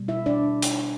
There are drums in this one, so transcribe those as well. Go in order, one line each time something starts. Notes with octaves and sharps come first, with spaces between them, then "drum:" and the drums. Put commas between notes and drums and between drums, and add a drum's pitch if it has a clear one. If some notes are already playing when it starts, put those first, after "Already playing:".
Already playing: B2 G3
E4 E5
D4 D5
drum: hi-hat